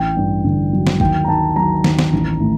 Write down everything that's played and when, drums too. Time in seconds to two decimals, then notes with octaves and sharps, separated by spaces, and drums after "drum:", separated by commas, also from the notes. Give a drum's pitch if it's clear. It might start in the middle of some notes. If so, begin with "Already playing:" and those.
Already playing: A1 G5
0.16 G2
0.44 D3
0.73 F#3
0.87 drum: snare
1.00 D#2 G5, drum: kick G#1
1.24 A#5
1.28 D#3 A5
1.56 F#3 A#5
1.84 D#2, drum: snare
1.99 drum: snare
2.13 A1
2.40 A2